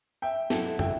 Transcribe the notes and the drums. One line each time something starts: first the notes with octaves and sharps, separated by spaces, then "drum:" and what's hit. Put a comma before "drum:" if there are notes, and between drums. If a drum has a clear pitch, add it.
E5 G5
B2 F#3 C4 E4 A4, drum: snare
E5 G5, drum: tom